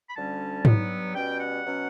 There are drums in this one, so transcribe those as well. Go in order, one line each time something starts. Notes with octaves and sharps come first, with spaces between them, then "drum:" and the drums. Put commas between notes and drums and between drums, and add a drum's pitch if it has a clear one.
B5
D2 D3 G3 C#4 A5
G2 F#3 B3, drum: tom G#2
B2 G3 C#4 G5
F#5
B2 F#3 C#4